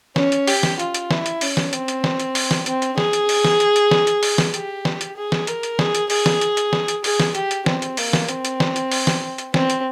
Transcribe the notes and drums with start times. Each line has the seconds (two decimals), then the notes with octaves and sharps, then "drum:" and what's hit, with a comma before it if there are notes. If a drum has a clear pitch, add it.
0.16 C#4, drum: snare
0.32 drum: hi-hat
0.47 G4, drum: open hi-hat
0.63 drum: snare
0.79 F4, drum: hi-hat
0.94 drum: hi-hat
1.11 E4, drum: snare
1.26 drum: hi-hat
1.41 C#4, drum: open hi-hat
1.57 drum: snare
1.73 C4, drum: hi-hat
1.88 drum: hi-hat
2.04 drum: snare
2.19 drum: hi-hat
2.35 drum: open hi-hat
2.51 drum: snare
2.66 C4, drum: hi-hat
2.82 drum: hi-hat
2.98 G#4, drum: snare
3.13 drum: hi-hat
3.29 drum: open hi-hat
3.45 drum: snare
3.60 drum: hi-hat
3.76 drum: hi-hat
3.91 drum: snare
4.07 drum: hi-hat
4.23 drum: open hi-hat
4.38 drum: snare
4.54 G4, drum: hi-hat
4.85 drum: snare
5.01 drum: hi-hat
5.16 G#4
5.32 drum: snare
5.47 A#4, drum: hi-hat
5.63 drum: hi-hat
5.79 G#4, drum: snare
5.95 drum: hi-hat
6.10 G#4, drum: open hi-hat
6.26 drum: snare
6.41 drum: hi-hat
6.57 drum: hi-hat
6.73 drum: snare
6.88 drum: hi-hat
7.04 G#4, drum: open hi-hat
7.20 drum: snare
7.35 G4, drum: hi-hat
7.51 drum: hi-hat
7.66 C4, drum: snare
7.82 drum: hi-hat
7.97 A#3, drum: open hi-hat
8.13 drum: snare
8.29 C4, drum: hi-hat
8.45 drum: hi-hat
8.60 drum: snare
8.76 drum: hi-hat
8.91 drum: open hi-hat
9.07 drum: snare
9.38 drum: hi-hat
9.54 C4, drum: snare
9.70 drum: hi-hat